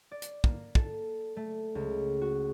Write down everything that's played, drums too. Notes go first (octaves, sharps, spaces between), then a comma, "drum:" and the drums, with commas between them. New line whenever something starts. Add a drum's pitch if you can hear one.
D5
drum: hi-hat
A#3, drum: kick
A4, drum: kick
A3
C#2
F#4